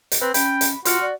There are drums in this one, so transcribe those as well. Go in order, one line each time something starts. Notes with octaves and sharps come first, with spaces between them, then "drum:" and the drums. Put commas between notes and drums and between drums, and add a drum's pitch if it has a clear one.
drum: hi-hat
C4 B4
C#4 G5 B5, drum: hi-hat
drum: hi-hat
F4 F#4 C6 F6 C#7, drum: hi-hat
D5